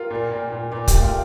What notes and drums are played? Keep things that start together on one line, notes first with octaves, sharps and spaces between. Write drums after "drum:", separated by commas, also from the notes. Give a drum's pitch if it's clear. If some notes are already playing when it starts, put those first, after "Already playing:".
Already playing: F4 G4 A#4
A#2
A#2
A#2
A#2 D5
G4, drum: kick, hi-hat
A3
F4